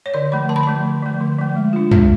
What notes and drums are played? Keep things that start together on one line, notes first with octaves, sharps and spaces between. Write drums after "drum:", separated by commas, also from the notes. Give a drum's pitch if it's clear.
C#5
D3 D5
F3 A3 B5
D3 A5
B5
F3 A3 A5
D3
F3 A3
D3
F3 A3
G#3
D4 F4
G#3, drum: tom